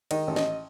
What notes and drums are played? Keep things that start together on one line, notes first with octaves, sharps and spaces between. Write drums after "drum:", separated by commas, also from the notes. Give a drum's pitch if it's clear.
D#3 D#5, drum: cymbal
A1
D#5, drum: snare